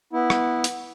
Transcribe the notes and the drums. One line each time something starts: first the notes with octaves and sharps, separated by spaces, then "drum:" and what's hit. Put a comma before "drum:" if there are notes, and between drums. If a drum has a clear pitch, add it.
B3 E4
drum: rim click
drum: hi-hat